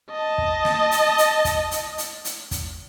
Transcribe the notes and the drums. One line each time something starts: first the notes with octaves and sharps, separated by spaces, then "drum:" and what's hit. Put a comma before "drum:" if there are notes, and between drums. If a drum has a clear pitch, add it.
D#5 A5
drum: kick
drum: snare
drum: hi-hat
drum: hi-hat
drum: kick, hi-hat
drum: hi-hat
drum: hi-hat
drum: hi-hat
drum: kick, hi-hat